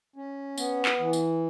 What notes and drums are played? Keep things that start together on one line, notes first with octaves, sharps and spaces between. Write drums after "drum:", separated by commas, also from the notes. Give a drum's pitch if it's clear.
C#4
B3, drum: tambourine
drum: clap
E3
drum: tambourine